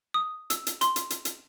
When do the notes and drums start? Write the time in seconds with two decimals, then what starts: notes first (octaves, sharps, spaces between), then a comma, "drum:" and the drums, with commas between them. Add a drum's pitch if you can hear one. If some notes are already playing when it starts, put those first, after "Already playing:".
0.14 D#6
0.50 E6, drum: hi-hat
0.67 drum: hi-hat
0.81 C6, drum: hi-hat
0.96 drum: hi-hat
1.10 drum: hi-hat
1.25 drum: hi-hat